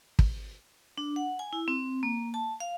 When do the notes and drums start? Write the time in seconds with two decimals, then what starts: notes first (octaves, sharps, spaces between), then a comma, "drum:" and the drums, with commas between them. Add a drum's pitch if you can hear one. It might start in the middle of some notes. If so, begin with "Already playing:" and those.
0.19 drum: kick
0.98 D4
1.16 F#5
1.39 G#5
1.53 E4
1.68 C4
2.03 A#3
2.34 A5
2.60 F5